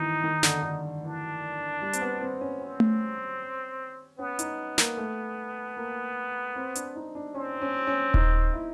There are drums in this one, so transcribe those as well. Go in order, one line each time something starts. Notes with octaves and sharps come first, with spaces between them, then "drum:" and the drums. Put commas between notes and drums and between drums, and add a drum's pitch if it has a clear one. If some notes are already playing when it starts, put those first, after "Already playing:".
Already playing: D#3 E3 D#4
D#3
D3, drum: snare
D3
E3 D4
G3
C4, drum: hi-hat
B3
C4
C#4
C4
drum: tom A3
B3 C#4
D#4, drum: hi-hat
A#3, drum: snare
A3
A#3
C4
D4, drum: hi-hat
D#4
D4
C4 C#4
C#4
C#4
D#4, drum: kick D#1
E4